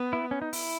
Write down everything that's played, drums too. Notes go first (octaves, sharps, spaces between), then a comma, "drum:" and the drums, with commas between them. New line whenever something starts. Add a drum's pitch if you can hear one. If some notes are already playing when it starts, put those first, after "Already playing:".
Already playing: B3
E4
C#4
D#4
E4, drum: open hi-hat